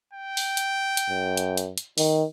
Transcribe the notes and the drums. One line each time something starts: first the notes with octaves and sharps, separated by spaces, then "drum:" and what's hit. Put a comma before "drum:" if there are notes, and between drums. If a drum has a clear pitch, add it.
G5
drum: open hi-hat
drum: hi-hat
drum: hi-hat
F#2
drum: hi-hat
drum: hi-hat
drum: hi-hat
D#3, drum: open hi-hat